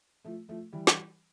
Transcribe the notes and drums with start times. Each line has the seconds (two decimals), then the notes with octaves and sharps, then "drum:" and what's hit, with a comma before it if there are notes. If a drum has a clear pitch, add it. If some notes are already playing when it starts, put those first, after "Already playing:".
0.24 F3 A3
0.49 F3 A3
0.73 E3 G3
0.87 drum: snare